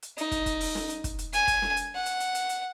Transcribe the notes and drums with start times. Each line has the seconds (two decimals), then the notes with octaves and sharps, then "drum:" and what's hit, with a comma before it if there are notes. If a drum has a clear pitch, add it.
0.02 drum: hi-hat
0.18 D#4, drum: hi-hat
0.31 drum: kick, hi-hat
0.46 drum: kick, hi-hat
0.61 drum: open hi-hat
0.75 drum: snare
0.90 drum: hi-hat
1.04 drum: kick, hi-hat
1.19 drum: hi-hat
1.33 G#5, drum: hi-hat
1.48 drum: kick, hi-hat
1.62 drum: snare
1.77 drum: hi-hat
1.95 F#5
2.06 drum: hi-hat
2.20 drum: hi-hat
2.35 drum: hi-hat
2.49 drum: hi-hat